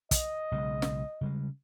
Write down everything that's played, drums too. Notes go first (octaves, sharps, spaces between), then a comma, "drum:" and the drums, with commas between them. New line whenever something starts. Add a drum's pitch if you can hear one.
D#5, drum: kick, hi-hat
B1 C#3 G#3
drum: snare
C#3 G3 G#3